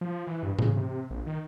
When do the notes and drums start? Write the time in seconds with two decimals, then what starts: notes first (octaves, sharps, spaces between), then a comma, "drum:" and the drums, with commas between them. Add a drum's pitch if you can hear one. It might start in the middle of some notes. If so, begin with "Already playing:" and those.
0.01 F3
0.27 E3
0.43 G2
0.59 C#3, drum: tom G#2
0.76 C3
1.10 A#1
1.26 D#3